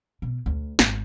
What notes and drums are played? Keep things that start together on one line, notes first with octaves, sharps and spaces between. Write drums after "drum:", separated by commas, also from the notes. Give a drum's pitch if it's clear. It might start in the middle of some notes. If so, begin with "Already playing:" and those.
B2
D2
G#1, drum: snare